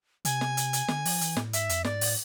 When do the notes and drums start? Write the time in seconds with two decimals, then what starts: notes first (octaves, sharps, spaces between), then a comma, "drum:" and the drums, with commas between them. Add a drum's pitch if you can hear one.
0.25 C3 G#5, drum: hi-hat
0.41 drum: snare
0.57 drum: hi-hat
0.73 drum: hi-hat
0.88 D3, drum: snare
1.05 F3, drum: open hi-hat
1.21 E3, drum: hi-hat
1.37 A2, drum: snare
1.53 G#2 E5, drum: hi-hat
1.69 F2, drum: hi-hat
1.84 G#2 D5, drum: snare
2.01 A2, drum: open hi-hat